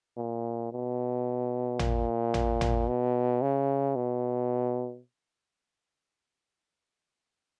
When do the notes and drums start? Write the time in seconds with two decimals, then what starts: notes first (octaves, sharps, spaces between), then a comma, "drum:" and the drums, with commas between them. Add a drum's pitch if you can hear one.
0.17 A#2
0.72 B2
1.79 A#2, drum: tom A1
2.34 drum: tom A1
2.61 drum: tom A1
2.88 B2
3.42 C#3
3.96 B2